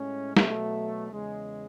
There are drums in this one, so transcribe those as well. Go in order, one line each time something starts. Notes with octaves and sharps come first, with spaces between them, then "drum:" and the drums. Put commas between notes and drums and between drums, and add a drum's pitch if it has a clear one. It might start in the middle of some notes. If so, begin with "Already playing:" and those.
Already playing: A2 G#3 C#4
B2 F#3 A3, drum: snare
E2 C#3 G#3